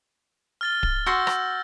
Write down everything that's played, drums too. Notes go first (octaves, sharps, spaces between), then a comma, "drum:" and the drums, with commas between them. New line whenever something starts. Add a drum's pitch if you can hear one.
F6 A6 G7
drum: kick D1
F#4 C6 E6 G6 A#6
drum: rim click